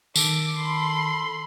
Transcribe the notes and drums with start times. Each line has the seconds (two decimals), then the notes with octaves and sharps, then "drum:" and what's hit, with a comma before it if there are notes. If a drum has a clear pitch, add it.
0.16 D#3 A4 D6, drum: tambourine
0.58 B5 C6